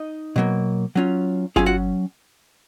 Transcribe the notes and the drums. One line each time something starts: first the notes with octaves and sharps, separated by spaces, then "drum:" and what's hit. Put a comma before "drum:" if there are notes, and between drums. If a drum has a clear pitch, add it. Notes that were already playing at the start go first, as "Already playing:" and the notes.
Already playing: D#4 D#5
B2 F#3 A#3
F#3 C#4 F4
F#3 C#4 F4 G#4 G#5, drum: kick G1
F#4 F#5